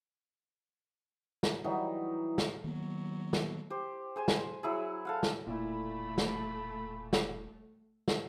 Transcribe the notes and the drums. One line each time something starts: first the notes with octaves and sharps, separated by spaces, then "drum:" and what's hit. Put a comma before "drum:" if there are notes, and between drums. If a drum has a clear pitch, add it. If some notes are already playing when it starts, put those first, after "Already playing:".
drum: snare
E3 F#3 G3 D#4
drum: snare
D#3 F#3 A#3 B3
drum: snare
G4 C5
G#4 C5 G#5
drum: snare
F#3 E4 G#4
A4 F5 F#5
drum: snare
E1 A#2 A3 E4 B5
drum: snare
drum: snare
drum: snare